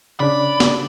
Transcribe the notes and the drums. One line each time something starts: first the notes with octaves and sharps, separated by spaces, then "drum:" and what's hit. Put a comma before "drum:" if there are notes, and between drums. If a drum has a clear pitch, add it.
C#3 D4 D5 B5
drum: snare